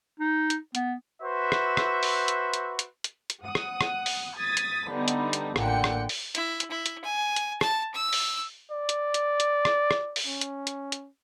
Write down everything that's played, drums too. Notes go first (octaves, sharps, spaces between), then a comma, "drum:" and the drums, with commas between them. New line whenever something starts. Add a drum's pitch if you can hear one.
D#4
drum: hi-hat
B3, drum: hi-hat
F#4 B4 C5 E5
drum: rim click
drum: rim click
drum: open hi-hat
drum: hi-hat
drum: hi-hat
drum: hi-hat
drum: hi-hat
drum: hi-hat
F#5 D#6
drum: rim click
drum: rim click
drum: open hi-hat
D#6 G#6 A6 B6
drum: hi-hat
D3 G3 B3 D#4
drum: hi-hat
drum: hi-hat
A1 A#2 D3 F#5 G5 C#7, drum: rim click
drum: rim click
drum: open hi-hat
E4, drum: hi-hat
drum: hi-hat
E4
drum: hi-hat
G#5
drum: hi-hat
A5, drum: rim click
E6
drum: open hi-hat
D5
drum: hi-hat
drum: hi-hat
drum: hi-hat
drum: rim click
drum: rim click
drum: open hi-hat
C#4
drum: hi-hat
drum: hi-hat
drum: hi-hat